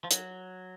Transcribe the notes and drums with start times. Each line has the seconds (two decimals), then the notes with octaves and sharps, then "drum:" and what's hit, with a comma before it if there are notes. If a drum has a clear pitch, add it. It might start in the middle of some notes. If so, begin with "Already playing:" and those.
0.04 F3
0.11 F#3, drum: hi-hat